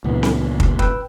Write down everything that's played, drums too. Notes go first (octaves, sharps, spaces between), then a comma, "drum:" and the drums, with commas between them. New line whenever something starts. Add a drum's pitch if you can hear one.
C#2 A#2 D3 E3 B3
drum: snare C4
drum: kick
B4 G5 E6, drum: kick